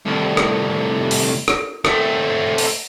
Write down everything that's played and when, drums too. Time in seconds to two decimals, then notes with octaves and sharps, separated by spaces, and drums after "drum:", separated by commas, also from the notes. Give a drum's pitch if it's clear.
0.05 C2 A2
0.37 drum: rim click
1.11 drum: open hi-hat
1.48 drum: rim click
1.85 A3 C4, drum: rim click
2.58 drum: open hi-hat